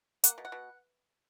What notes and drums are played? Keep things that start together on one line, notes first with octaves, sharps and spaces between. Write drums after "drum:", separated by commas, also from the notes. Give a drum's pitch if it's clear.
A#3 F#5, drum: hi-hat
B2
F#5
B2